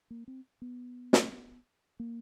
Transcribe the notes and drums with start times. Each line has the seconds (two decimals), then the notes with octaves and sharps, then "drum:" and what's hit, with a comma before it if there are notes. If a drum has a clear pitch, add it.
0.10 A#3
0.28 C4
0.62 B3
1.13 drum: snare
2.00 A#3